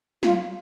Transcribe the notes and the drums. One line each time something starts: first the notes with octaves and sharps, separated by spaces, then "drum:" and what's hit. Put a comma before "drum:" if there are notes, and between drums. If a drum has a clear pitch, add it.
F4, drum: snare